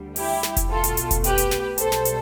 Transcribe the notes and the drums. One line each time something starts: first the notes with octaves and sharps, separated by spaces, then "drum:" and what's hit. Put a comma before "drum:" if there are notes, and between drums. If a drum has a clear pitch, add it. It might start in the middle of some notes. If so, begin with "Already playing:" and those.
Already playing: D2 D3 G3
E4 G4, drum: open hi-hat
drum: snare
drum: kick F1, hi-hat
B1 B2 A3 F4 A4
drum: hi-hat
drum: hi-hat
drum: kick F1, hi-hat
G4 B4, drum: hi-hat
drum: hi-hat
drum: snare
B1 B2 G3 A4 C5, drum: hi-hat
drum: snare
drum: hi-hat